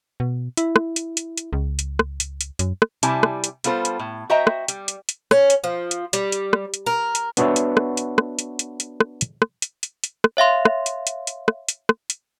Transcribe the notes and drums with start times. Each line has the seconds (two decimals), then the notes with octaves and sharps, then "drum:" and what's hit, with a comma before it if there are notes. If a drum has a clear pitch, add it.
0.20 B2
0.57 E4, drum: hi-hat
0.76 drum: rim click
0.96 drum: hi-hat
1.17 drum: hi-hat
1.37 drum: hi-hat
1.53 C#2
1.79 drum: hi-hat
1.99 drum: rim click
2.20 drum: hi-hat
2.41 drum: hi-hat
2.59 F#2, drum: hi-hat
2.82 drum: rim click
3.03 C3 G3 E4 G#5 A5, drum: hi-hat
3.23 drum: rim click
3.44 drum: hi-hat
3.64 G3 B3 F4 A4 C5, drum: hi-hat
3.85 drum: hi-hat
3.99 A2
4.30 F#4 C5 D#5 E5 G5 A#5
4.47 drum: rim click
4.68 G3, drum: hi-hat
4.88 drum: hi-hat
5.09 drum: hi-hat
5.31 C#4, drum: rim click
5.50 drum: hi-hat
5.64 F3
5.91 drum: hi-hat
6.13 G3, drum: hi-hat
6.32 drum: hi-hat
6.53 drum: rim click
6.74 drum: hi-hat
6.86 A#4
7.15 drum: hi-hat
7.37 B3 D4 F#4 B4 C#5 E5, drum: hi-hat
7.56 drum: hi-hat
7.77 drum: rim click
7.97 drum: hi-hat
8.18 drum: rim click
8.39 drum: hi-hat
8.59 drum: hi-hat
8.80 drum: hi-hat
9.00 drum: rim click
9.21 drum: hi-hat
9.42 drum: rim click
9.62 drum: hi-hat
9.83 drum: hi-hat
10.04 drum: hi-hat
10.24 drum: rim click
10.37 C#5 E5 F5 C6
10.65 drum: rim click
10.86 drum: hi-hat
11.07 drum: hi-hat
11.27 drum: hi-hat
11.48 drum: rim click
11.69 drum: hi-hat
11.89 drum: rim click
12.10 drum: hi-hat